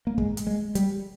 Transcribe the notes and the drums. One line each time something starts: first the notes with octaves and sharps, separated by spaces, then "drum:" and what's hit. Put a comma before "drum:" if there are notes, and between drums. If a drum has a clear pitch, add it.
A#3
G#3, drum: kick
drum: hi-hat
G#3
G3, drum: hi-hat